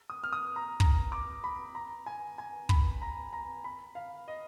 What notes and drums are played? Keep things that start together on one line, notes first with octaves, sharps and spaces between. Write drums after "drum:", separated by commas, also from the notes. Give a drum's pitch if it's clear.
D#6
F6
D#6
A#5
A#5, drum: kick
D6
B5
A#5
G#5
G#5
B5, drum: kick
A#5
A#5
B5
F5
D#5